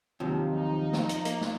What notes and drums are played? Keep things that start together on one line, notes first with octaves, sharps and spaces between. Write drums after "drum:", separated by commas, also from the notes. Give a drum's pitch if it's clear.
D#2 C3 F3 F#3
D#4
drum: snare
drum: hi-hat
A#3, drum: hi-hat
drum: snare